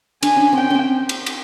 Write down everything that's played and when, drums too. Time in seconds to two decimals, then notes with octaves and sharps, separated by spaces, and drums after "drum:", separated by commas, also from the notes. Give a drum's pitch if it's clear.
0.23 D4 G#5, drum: cymbal
0.36 C#4 D4
0.53 C4 C#4 G5
0.70 C4 C#4
1.09 drum: cymbal
1.26 drum: cymbal